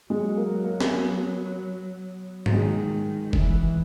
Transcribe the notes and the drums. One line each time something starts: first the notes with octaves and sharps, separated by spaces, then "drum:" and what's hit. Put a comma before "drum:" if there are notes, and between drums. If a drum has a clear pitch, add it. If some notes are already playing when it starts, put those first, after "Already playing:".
F#3 G#3
A#3
A#3
drum: snare
B3
F#3, drum: tom G#2
D#3 G#3
E3, drum: kick